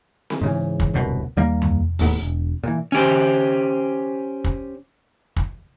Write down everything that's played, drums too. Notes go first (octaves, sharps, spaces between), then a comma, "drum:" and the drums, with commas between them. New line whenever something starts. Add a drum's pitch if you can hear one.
drum: snare C4
G#2 C#3 E3
drum: kick
D1 C2 F#2 B2
D#2 G3 A#3
drum: tom F2
D#1 D#2 A2 B3, drum: open hi-hat
E1
A#2 E3
C#4 G4 C5
drum: kick
drum: kick